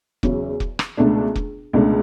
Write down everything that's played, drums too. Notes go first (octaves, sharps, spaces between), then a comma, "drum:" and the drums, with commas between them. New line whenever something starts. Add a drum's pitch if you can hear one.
E2 C#3 F#3, drum: kick
drum: kick
drum: rim click
C#2 B2 A3 D4
drum: kick
C#2 B2 A3 D4